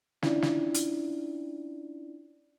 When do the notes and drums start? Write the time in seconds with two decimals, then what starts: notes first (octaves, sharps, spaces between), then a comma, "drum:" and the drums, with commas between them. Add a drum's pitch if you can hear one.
0.22 C#4 D4 E4 F4 D5, drum: snare
0.42 drum: snare
0.74 drum: hi-hat